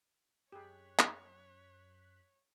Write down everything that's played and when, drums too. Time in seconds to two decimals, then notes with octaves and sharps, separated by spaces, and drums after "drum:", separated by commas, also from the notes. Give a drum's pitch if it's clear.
0.52 F#2 G4 G#4 C#5 F#6 B6
0.99 drum: clap